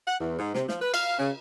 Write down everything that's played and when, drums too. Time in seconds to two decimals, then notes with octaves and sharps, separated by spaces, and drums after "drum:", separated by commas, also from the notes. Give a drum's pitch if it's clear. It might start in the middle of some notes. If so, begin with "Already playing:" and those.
0.07 F#5
0.20 E2
0.39 G#2
0.55 C3, drum: snare
0.69 F3, drum: snare
0.82 B4
0.94 F5, drum: cymbal
1.19 C#3